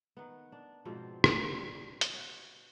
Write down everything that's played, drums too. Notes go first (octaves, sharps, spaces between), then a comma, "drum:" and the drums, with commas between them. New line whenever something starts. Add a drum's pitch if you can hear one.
D#3 B3
D4
G#2 B2 F3 C4
drum: rim click
G3
drum: hi-hat
C#5 F#5